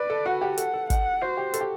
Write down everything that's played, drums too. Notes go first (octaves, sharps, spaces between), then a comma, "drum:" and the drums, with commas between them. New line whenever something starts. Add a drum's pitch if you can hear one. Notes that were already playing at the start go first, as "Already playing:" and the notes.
Already playing: B4 D5
A4
F#4 F#5
G4
A4 F#5, drum: hi-hat
A4
F#5, drum: kick, hi-hat
F#4 C5
G4
A4, drum: hi-hat
G4